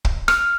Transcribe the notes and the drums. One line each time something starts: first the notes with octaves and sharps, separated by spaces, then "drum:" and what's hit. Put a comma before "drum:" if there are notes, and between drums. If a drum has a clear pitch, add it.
drum: kick
F6, drum: rim click